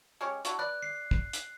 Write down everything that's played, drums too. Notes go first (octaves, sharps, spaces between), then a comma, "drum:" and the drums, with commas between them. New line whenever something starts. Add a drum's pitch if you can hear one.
G#3 C#4 G4
D4 E4 F#4, drum: hi-hat
B4 D5 F#6
C7
drum: kick
drum: hi-hat